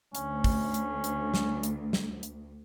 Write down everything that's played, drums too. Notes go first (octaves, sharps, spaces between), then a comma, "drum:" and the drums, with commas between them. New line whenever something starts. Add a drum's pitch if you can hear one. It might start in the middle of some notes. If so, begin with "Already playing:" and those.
D2 C#4, drum: hi-hat
drum: kick, open hi-hat
drum: hi-hat
drum: hi-hat
drum: snare
drum: hi-hat
drum: snare
drum: hi-hat